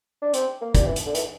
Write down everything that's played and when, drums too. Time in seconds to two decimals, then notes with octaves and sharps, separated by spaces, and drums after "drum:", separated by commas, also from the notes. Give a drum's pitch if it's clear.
0.22 D4
0.34 C4, drum: hi-hat
0.61 A#3
0.75 G3, drum: kick, hi-hat
0.86 E3
0.96 drum: hi-hat
1.06 D3
1.15 E3, drum: hi-hat